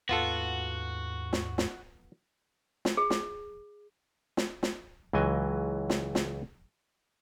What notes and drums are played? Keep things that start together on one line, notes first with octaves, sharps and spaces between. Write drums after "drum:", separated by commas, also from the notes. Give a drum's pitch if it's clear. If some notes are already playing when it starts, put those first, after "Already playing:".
D#2 G#2 B3 F4 F#4 A4
drum: snare
drum: snare
drum: snare
G#4
drum: snare
drum: snare
drum: snare
C#2 E3 F#3 D#5 G#5
drum: snare
drum: snare